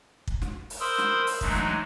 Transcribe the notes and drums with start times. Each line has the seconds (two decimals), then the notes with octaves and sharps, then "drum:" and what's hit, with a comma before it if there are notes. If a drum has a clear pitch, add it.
0.27 drum: kick
0.42 drum: snare
0.70 drum: open hi-hat
0.80 A#4 C5 B5 C6 D#6 E6
0.98 drum: snare
1.27 drum: open hi-hat
1.41 E3 F#3 G#3 A3 D4 D#4, drum: kick
1.55 drum: snare